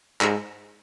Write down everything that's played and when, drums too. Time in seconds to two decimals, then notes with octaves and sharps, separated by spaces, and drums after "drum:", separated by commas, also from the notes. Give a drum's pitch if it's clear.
0.21 G#2, drum: clap